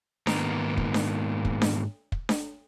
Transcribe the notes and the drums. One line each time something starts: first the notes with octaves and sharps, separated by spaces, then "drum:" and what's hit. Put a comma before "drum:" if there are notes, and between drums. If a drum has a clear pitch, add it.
G#2 D#3 A#3 B3 A#5, drum: snare D4
drum: kick
drum: snare D4
drum: kick
drum: snare D4
drum: kick
drum: snare D4